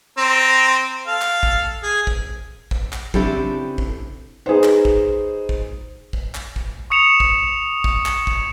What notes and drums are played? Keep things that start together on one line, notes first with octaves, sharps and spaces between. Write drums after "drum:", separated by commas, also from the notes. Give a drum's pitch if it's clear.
C4 A#5
A4 F5
drum: clap
drum: kick
G#4
drum: kick
drum: kick
drum: clap
C#3 C4 D4 E4 G4 A4, drum: kick
drum: kick
D#4 G#4 B4 C5
drum: clap
drum: kick
drum: kick
drum: kick
drum: clap
drum: kick
C#6 D#6 C#7 E7 F7
drum: kick
drum: kick
drum: clap
drum: kick